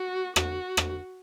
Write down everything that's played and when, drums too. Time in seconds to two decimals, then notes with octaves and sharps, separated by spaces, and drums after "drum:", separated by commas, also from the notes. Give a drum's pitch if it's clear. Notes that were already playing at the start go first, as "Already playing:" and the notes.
Already playing: F#4
0.36 F#4, drum: rim click
0.77 drum: rim click